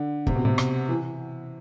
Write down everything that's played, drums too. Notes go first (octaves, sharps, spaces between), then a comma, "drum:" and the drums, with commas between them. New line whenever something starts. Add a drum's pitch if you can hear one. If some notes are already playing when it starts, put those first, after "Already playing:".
Already playing: D3
C3, drum: kick
B2
C3
drum: rim click
E3